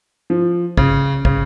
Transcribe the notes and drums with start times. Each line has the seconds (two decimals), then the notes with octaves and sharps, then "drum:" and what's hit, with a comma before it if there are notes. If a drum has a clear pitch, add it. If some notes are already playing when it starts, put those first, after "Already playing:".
0.30 F3
0.77 C#3, drum: kick
1.25 C#3, drum: kick